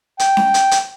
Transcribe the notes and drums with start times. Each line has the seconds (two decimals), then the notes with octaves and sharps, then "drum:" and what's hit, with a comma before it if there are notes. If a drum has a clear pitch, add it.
0.19 G5, drum: hi-hat
0.37 drum: snare C#4
0.54 drum: hi-hat
0.71 drum: hi-hat